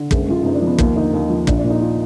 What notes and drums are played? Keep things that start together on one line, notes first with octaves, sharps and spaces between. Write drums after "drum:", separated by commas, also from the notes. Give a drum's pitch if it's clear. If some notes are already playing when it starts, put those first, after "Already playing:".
Already playing: D3
F#1 G#3, drum: kick
F#2 F4
F#1 D#4
D4
F3 B3
D#2 A#3, drum: kick
D3 D#4
D#2
F3
A#1 D4, drum: kick
D4
A#2
D#4
F4